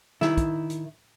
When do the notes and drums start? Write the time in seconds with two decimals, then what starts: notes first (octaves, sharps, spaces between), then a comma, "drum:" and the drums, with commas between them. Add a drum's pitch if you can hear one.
0.21 D#3 E4, drum: snare
0.37 drum: kick, hi-hat
0.70 drum: hi-hat